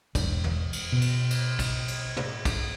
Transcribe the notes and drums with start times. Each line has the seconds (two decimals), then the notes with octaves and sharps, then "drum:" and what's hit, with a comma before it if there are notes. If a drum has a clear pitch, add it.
0.15 E1, drum: kick, cymbal
0.44 drum: tom
0.73 drum: cymbal
0.92 B2
1.01 drum: cymbal
1.30 drum: cymbal
1.59 drum: kick, cymbal
1.88 drum: cymbal
2.17 drum: tom
2.45 drum: kick, cymbal